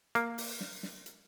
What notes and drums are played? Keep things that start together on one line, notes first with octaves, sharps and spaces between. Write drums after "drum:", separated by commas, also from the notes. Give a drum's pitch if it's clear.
A#3, drum: hi-hat
drum: open hi-hat
drum: snare
drum: snare
drum: hi-hat